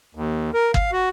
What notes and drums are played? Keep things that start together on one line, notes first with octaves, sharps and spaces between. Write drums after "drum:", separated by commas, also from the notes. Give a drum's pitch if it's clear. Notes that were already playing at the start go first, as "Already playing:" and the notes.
D#2
A#4
F5, drum: kick
F#4